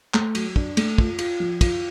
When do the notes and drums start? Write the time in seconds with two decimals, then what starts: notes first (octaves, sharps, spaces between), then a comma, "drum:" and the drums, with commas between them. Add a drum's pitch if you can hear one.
0.14 A3, drum: clap
0.35 F#3, drum: cymbal
0.56 D4, drum: kick
0.77 A3, drum: cymbal
0.98 F4, drum: kick
1.19 F4, drum: cymbal
1.40 F3
1.61 F4, drum: kick, cymbal